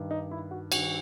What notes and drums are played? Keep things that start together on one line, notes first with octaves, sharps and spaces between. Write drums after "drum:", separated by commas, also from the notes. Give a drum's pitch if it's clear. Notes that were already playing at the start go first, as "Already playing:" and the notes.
Already playing: G2 D#3
D#4
E4
F#4
G2 D#3 F#4, drum: cymbal